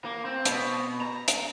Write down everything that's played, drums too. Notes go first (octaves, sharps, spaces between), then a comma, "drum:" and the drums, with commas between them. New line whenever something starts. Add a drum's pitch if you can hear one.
A#3
C4
B2, drum: hi-hat
A#5
drum: hi-hat